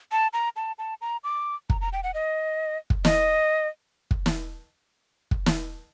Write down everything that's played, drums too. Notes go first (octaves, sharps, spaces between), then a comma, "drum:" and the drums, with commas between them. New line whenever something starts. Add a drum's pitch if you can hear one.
A5
A#5
A5
A5
A#5
D6
A#5, drum: kick
A#5
G5
F#5
D#5
drum: kick
D#5, drum: snare
drum: kick
drum: snare
drum: kick
drum: snare